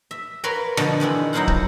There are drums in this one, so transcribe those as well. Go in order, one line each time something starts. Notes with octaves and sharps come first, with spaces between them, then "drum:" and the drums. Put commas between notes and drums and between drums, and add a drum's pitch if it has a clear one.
E5
A#4 B4 C#5 F5 B5 C6
B2 D3 F3, drum: rim click
D#3 G#3 D4 E4
F#3 D#4 E4 C5 F5 F#5
drum: kick